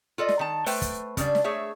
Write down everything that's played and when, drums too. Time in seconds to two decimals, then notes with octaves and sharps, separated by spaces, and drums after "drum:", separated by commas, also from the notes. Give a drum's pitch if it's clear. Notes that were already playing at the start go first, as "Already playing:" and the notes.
0.18 F4 A4 D5 D#5
0.29 drum: snare
0.39 D#3 A5
0.66 A3 B4 C5 G5, drum: open hi-hat
0.82 drum: kick, hi-hat
1.17 C#3 G3 D4 D5, drum: kick, hi-hat
1.35 drum: snare
1.44 A3 G#4 C#5 E5